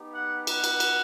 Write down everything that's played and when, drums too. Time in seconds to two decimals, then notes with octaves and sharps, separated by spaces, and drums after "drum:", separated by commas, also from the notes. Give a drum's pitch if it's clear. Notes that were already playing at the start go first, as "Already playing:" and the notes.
Already playing: B3 D#4 G4
0.15 F#5
0.47 F#5, drum: cymbal
0.64 drum: cymbal
0.80 drum: cymbal